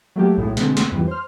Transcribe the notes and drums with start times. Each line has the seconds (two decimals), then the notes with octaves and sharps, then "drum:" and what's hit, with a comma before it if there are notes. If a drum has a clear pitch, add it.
0.16 F#3 A3 A#3 G4
0.37 B1 A2 G#3
0.57 B2 D3 G#3 C4 A4, drum: snare
0.77 drum: snare
0.92 F2 G#2 E3 G3
1.08 C5 F6